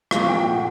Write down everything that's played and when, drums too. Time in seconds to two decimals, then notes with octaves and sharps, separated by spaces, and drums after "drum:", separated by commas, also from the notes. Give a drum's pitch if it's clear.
0.11 A#2 F3 A3 C4 F5, drum: rim click
0.29 G5
0.46 F#5